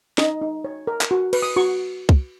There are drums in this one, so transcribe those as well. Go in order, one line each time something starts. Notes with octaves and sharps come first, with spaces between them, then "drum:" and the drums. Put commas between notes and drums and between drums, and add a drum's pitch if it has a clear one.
D#4 D#5, drum: snare
D#4
C#5
A#4
drum: clap
F#4
B4, drum: cymbal
D#6
F#4 C#6
drum: kick C2